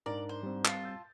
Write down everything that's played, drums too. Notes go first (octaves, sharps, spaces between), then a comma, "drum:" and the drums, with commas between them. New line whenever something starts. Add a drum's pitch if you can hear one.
G#2 D4 A#4 D5
C5
G3 C4
F4 A5, drum: clap
E6 G6 A6